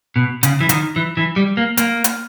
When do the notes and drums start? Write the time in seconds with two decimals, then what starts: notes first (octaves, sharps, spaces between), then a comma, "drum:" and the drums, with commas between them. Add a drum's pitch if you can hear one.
0.16 B2
0.43 C#3, drum: hi-hat
0.61 E3
0.69 D#3, drum: hi-hat
0.96 E3
1.17 E3
1.36 G3
1.57 A#3
1.77 A#3, drum: hi-hat
2.04 drum: hi-hat